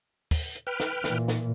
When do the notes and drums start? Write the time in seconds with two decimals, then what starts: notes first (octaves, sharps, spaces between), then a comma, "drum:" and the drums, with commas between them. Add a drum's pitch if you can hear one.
0.31 drum: kick, open hi-hat
0.55 drum: hi-hat
0.67 B4 G5 F6
0.80 drum: snare
1.04 A#2 E3, drum: snare
1.28 drum: snare